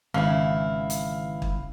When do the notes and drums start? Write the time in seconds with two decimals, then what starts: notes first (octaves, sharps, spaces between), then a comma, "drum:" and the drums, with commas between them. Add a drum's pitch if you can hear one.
0.14 G#1 C#3 E3 E4 F5
0.90 drum: hi-hat
1.42 drum: kick